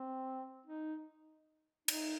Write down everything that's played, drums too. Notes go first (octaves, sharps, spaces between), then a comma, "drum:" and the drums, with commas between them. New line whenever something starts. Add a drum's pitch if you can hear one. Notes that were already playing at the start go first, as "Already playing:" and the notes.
Already playing: C4
D#4
D#4, drum: cymbal